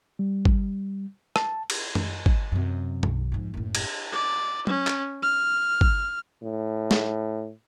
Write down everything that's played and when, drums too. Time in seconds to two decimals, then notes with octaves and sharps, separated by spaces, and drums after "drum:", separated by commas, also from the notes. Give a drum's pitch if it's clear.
0.19 G3
0.45 drum: kick
1.36 A5, drum: rim click
1.70 drum: cymbal
1.95 drum: tom F#2
2.26 drum: kick
2.52 F#2 C3
3.03 B1, drum: tom F#2
3.32 F2 G#2
3.54 F#1 A2
3.75 drum: cymbal
4.12 D5
4.67 C#4, drum: tom F#3
4.87 drum: clap
5.22 F6
5.81 drum: kick
6.43 A2
6.91 drum: snare